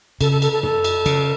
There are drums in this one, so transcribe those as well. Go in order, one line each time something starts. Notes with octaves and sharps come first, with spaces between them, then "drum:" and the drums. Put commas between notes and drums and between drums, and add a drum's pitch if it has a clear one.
C#3 A4, drum: cymbal
A4
A4, drum: cymbal
A4
A4, drum: tom
drum: cymbal
C#3, drum: cymbal